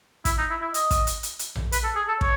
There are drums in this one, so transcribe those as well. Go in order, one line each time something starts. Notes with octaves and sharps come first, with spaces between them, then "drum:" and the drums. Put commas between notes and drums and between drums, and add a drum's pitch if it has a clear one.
E4, drum: kick, hi-hat
D#4
E4
E4
D#5, drum: hi-hat
drum: kick, hi-hat
drum: hi-hat
drum: hi-hat
drum: hi-hat
drum: tom A#1
B4, drum: hi-hat
A4
G#4
A4
C#5, drum: kick